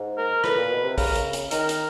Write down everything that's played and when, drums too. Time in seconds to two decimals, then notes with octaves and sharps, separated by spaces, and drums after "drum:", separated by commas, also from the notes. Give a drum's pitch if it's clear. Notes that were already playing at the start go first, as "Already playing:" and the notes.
Already playing: G#2
0.17 A#4
0.44 A2 B4, drum: rim click
0.58 A#2
0.71 B2
0.84 C3
0.98 C#3 A#4, drum: kick, open hi-hat
1.15 drum: hi-hat
1.33 drum: hi-hat
1.51 D#3 A#4, drum: hi-hat
1.69 drum: hi-hat